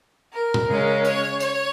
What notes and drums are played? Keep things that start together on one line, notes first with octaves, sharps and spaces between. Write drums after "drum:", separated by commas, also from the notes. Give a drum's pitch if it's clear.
A#4
drum: tom A2
C#3 G#3 C#4
C#5, drum: hi-hat
C#5, drum: hi-hat